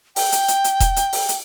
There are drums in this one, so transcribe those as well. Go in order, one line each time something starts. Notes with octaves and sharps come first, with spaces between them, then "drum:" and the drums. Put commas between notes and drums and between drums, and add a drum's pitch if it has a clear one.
G5, drum: open hi-hat
drum: hi-hat
drum: hi-hat
drum: hi-hat
drum: kick E1, hi-hat
drum: hi-hat
drum: open hi-hat
drum: hi-hat